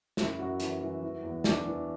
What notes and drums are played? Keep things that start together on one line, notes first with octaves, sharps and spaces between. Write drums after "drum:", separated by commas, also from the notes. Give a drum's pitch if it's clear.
F#2 E4, drum: snare
F#2 F#4
E3, drum: hi-hat
E3
E3
E2
E3 D4, drum: snare
E3